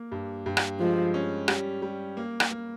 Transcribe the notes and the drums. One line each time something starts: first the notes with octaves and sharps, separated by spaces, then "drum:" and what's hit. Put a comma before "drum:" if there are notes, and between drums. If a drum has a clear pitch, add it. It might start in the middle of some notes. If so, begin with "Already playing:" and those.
Already playing: A#3
G2
G2
drum: rim click
F3 G#3
C#4
G3, drum: rim click
G3
A#3
drum: rim click
A#3